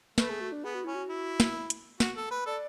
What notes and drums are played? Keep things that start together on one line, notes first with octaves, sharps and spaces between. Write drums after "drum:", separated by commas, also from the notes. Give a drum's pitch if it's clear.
A3 B4, drum: snare
G#4
F#4
D4
B3 G#4
F#4
C#4 E4
F#4
E4
drum: snare
drum: hi-hat
F#4, drum: snare
A4
B4
A4 D5